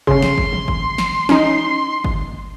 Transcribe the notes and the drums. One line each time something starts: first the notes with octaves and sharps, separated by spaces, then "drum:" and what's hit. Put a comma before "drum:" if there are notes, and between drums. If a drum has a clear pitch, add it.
C#3 C#4 C6, drum: kick G1
drum: snare
drum: kick G1
drum: tom
drum: kick G1
drum: snare
C#4 D#4, drum: snare
drum: kick G1